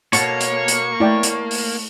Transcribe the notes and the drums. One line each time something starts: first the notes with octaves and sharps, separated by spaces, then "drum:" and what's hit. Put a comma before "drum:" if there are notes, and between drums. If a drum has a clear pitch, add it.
B2 A#3 A4 C#5 A5 C#6, drum: hi-hat
drum: hi-hat
drum: hi-hat
A3 E4 D5 G5
drum: hi-hat
drum: open hi-hat